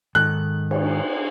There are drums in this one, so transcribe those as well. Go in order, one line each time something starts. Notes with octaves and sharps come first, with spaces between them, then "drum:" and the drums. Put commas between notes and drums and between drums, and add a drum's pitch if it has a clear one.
G#2 D#3 A4 F#6
drum: cymbal